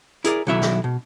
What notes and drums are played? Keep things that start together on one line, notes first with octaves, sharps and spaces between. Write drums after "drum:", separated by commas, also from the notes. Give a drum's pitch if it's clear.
E4 G#4 A#4 D5, drum: hi-hat
B1 D#3 F#3 E4 E5
drum: snare
B2